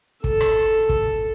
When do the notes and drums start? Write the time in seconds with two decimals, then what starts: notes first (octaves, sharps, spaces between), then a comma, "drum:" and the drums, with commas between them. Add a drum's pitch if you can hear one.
0.24 A4, drum: kick
0.40 drum: rim click
0.89 drum: kick